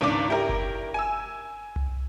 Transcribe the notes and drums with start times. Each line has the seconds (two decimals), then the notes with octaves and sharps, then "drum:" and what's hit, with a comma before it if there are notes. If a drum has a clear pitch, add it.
0.01 G#1 C#2 D#3 D4 D5 D6
0.28 E4 G4 A#4
0.49 drum: kick F#1
0.94 G#5 E6
1.76 drum: tom C2